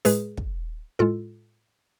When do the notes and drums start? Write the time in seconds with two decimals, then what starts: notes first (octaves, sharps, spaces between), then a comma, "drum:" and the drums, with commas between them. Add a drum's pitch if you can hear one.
0.05 A2 G#3 G#4 B4, drum: open hi-hat
0.37 drum: kick
0.99 A2 G#3 F4 A4